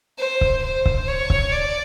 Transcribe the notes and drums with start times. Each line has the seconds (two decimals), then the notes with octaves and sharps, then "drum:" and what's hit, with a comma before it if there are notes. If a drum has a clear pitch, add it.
0.19 C5
0.41 drum: kick C#1
0.63 C5
0.86 drum: kick C#1
1.08 C#5
1.30 drum: kick C#1
1.53 D5